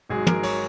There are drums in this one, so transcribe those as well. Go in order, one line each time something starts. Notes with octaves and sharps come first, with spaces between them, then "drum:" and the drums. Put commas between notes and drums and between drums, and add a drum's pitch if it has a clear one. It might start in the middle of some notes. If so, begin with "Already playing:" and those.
G#1 G#2 F#3 G#4
A#4, drum: tom
C#5, drum: cymbal